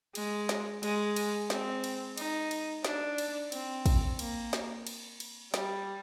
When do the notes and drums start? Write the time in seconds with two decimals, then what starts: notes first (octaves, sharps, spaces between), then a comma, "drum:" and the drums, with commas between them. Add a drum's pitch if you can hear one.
0.15 G#3, drum: cymbal
0.49 drum: snare
0.83 G#3, drum: cymbal
1.16 drum: cymbal
1.50 C4, drum: snare
1.84 drum: cymbal
2.18 D#4, drum: cymbal
2.51 drum: cymbal
2.85 D4, drum: snare
3.18 drum: cymbal
3.52 C4, drum: cymbal
3.86 drum: kick, cymbal
4.19 A#3, drum: cymbal
4.53 drum: snare
4.87 drum: cymbal
5.20 drum: cymbal
5.54 G3, drum: snare